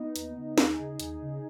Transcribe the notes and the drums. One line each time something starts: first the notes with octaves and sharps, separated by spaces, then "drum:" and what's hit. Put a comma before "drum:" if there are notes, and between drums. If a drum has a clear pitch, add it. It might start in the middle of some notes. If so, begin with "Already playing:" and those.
Already playing: B3 D#4
D#2, drum: hi-hat
C#3
D#2 D#4 G#4, drum: snare
C#3
D#2, drum: hi-hat
C#3